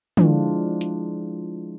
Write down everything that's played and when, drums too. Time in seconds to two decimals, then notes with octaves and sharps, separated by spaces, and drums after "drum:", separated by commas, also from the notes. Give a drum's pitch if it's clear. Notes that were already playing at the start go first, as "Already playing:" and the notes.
0.17 F3 G#3 D4 E4 F4, drum: tom
0.81 drum: hi-hat